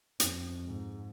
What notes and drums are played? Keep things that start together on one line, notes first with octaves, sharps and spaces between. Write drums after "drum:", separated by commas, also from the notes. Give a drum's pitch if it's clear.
F2, drum: hi-hat
G#2